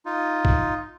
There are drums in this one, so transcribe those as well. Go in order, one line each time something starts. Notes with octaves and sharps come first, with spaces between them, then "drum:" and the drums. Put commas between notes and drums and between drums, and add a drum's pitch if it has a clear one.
D#4 F4
drum: kick